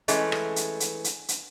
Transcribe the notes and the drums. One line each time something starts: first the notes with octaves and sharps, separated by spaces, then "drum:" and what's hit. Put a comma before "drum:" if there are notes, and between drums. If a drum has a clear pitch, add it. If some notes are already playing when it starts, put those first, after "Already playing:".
E3 G#3 A3 C#4, drum: hi-hat
drum: rim click
drum: hi-hat
drum: hi-hat
drum: hi-hat
drum: hi-hat